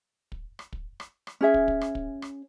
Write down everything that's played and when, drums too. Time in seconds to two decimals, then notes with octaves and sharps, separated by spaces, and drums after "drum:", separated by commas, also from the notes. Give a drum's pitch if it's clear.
0.32 drum: kick
0.59 drum: rim click
0.73 drum: kick
1.00 drum: rim click
1.27 drum: rim click
1.41 C#4 G#4 E5
1.54 drum: kick
1.68 drum: kick
1.81 drum: rim click
1.95 drum: kick
2.22 drum: rim click